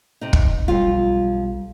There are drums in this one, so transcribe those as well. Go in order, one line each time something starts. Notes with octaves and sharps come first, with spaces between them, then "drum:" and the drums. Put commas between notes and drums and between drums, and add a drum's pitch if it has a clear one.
C3 D#4
drum: kick
B1 F2 G3 F4